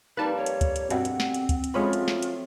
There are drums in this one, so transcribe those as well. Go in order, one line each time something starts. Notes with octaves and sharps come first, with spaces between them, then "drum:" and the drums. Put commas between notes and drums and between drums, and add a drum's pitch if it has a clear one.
F2 G3 A#3 D#4 B4 A5
C#5
drum: hi-hat
drum: kick, hi-hat
drum: hi-hat
G2 B2 C4 F#5, drum: hi-hat
drum: hi-hat
drum: snare
drum: hi-hat
drum: kick, hi-hat
drum: hi-hat
F3 F#3 G#3 A3 C#4 F4 B5
drum: hi-hat
drum: snare
drum: hi-hat